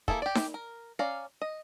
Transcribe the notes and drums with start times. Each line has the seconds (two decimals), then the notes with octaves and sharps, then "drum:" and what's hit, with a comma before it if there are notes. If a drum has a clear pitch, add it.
0.08 A#3 E4 G#4 A4, drum: kick
0.22 G4 D5
0.35 drum: snare D#4
0.54 A#4
0.99 C#4 D5 F5 A#5
1.42 D#5